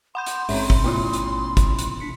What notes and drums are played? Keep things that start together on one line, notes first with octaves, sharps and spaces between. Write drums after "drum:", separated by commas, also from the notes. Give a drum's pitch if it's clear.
F#5 B5 C6 G6
drum: hi-hat
A1 G#2 C4 C#4 C#5 E5 B5, drum: open hi-hat
drum: kick
B2 A3 E4 F4
drum: hi-hat
drum: kick, hi-hat
drum: hi-hat
D4 B6 C#7